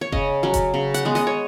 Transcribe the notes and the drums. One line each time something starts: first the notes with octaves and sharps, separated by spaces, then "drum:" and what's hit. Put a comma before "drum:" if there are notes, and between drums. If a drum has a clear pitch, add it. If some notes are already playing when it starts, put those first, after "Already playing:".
C#5
C#3 D#5, drum: kick F1
F#3 C#4
drum: kick F1, hi-hat
C#3
F#5, drum: hi-hat
G#3 B3
D#5, drum: snare
C#5